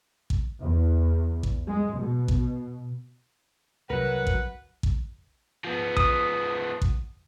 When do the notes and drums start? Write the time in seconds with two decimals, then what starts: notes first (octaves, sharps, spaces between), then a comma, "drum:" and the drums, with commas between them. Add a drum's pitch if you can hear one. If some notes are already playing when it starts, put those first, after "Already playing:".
0.30 drum: kick A1
0.61 E2
1.43 drum: kick A1
1.67 G#3
1.98 B2
2.28 drum: kick A1
3.90 C2 F#3 A#4 B4 F#5
4.27 drum: kick A1
4.83 drum: kick A1
5.65 F3 B3
5.97 D#6, drum: kick A1
6.82 drum: kick A1